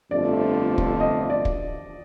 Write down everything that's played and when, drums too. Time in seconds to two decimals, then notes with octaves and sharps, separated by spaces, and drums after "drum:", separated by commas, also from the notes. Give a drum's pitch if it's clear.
0.10 G1 F2 D3 F3 A3 D5
0.78 drum: kick
1.00 D#5
1.30 D5
1.45 drum: kick